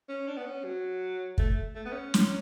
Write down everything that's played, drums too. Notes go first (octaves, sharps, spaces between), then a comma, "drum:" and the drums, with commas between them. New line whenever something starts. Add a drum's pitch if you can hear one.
C#4
D4
B3
C#4
F#3
A3, drum: kick
A3
B3
C#4
drum: snare